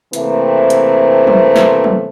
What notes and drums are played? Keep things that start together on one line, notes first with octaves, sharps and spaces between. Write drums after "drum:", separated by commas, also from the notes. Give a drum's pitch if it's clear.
C3 E3 A3 A#3 C4, drum: hi-hat
drum: hi-hat
drum: tom F3
drum: snare
drum: tom F3